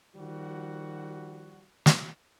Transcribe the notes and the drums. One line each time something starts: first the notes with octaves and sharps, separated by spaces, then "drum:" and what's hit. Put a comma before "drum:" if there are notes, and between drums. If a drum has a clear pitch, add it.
D#3 F3 G3 F#4
drum: snare